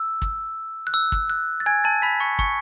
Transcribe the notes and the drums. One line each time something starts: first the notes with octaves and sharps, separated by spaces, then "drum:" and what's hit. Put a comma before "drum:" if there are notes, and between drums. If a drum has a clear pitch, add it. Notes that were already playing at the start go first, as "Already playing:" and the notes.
Already playing: E6
drum: kick
F#6
E6
drum: kick
F#6
A6
G#5 G#6
A5 A6
B5 B6
C#6 C#7
C#6 C#7, drum: kick